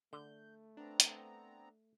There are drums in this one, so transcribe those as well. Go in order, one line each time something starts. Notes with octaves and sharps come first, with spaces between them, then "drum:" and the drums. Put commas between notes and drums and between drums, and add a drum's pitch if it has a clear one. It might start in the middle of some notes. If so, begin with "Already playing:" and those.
D3 A3 G6
B3 C4 D4 A#5
drum: hi-hat